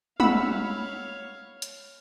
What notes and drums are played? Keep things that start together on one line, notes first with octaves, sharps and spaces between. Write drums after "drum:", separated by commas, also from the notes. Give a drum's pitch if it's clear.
C#5 F5 F#5 B5 E6, drum: tom G3
drum: hi-hat